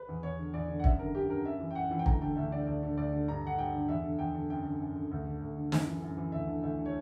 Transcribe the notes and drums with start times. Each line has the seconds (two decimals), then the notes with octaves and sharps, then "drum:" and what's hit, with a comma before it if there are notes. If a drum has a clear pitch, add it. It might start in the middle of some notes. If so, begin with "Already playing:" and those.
Already playing: B4
0.09 E2
0.23 E2 C#5
0.38 D3
0.54 E2 D5
0.69 D3
0.79 F#5
0.84 F#2 E5, drum: kick
0.99 D3 A#4
1.15 F#2 G4
1.29 D3 A#4
1.45 F#2 E5
1.60 E3
1.71 G5
1.75 F#2 F#5
1.91 E3
1.99 G5
2.06 D2 A#5, drum: kick
2.21 D3 G5
2.36 D2 E5
2.52 D3 D5
2.67 D2 D5
2.83 D3
2.97 D2 D5
3.13 D3
3.28 G2 A#5
3.43 D3 F#5
3.58 G2 G5
3.74 D3
3.88 E2 E5
4.04 D3
4.19 E2 G5
4.35 D3
4.50 F#2 G5
4.65 D3
4.80 F#2
4.96 D3
5.11 D2
5.26 D3
5.42 D2
5.57 D3
5.72 F#2, drum: snare
5.87 E3
6.02 F#2
6.17 E3
6.32 D2 E5
6.47 D3
6.62 D2 E5
6.78 D3
6.86 C#5